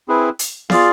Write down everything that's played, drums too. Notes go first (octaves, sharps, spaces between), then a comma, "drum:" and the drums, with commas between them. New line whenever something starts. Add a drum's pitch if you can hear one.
C4 E4 G#4 B4
drum: hi-hat
F4 G#4 D5 F5, drum: snare B3